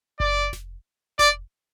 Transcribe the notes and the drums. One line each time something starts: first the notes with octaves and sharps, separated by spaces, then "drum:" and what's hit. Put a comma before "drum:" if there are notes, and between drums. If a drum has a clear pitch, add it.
D5, drum: kick F#1
drum: snare F1
D5, drum: snare F1